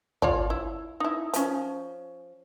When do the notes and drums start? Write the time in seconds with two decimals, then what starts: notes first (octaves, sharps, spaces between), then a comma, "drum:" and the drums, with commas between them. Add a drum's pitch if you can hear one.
0.22 F4 C#5 D5, drum: kick
0.50 E4
1.00 D#4 E4
1.34 F3 C#4, drum: hi-hat